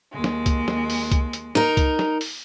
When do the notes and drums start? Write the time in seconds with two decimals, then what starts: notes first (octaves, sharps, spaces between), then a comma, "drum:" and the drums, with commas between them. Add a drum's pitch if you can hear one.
0.12 D#2 G#3
0.24 drum: snare
0.46 drum: kick C2, hi-hat
0.68 drum: snare
0.90 drum: open hi-hat
1.12 drum: kick C2, hi-hat
1.33 drum: hi-hat
1.55 D#4 A#4, drum: snare
1.77 drum: kick C2, hi-hat
1.99 drum: snare
2.21 drum: open hi-hat